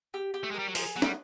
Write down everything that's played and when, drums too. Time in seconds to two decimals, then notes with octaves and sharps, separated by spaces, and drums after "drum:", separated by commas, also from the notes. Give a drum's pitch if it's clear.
0.14 G4
0.34 G4
0.44 A3
0.51 G#3
0.54 G3 A#4
0.67 F#3
0.75 F3 G#4, drum: open hi-hat
0.95 F#3 B3
1.02 G3, drum: snare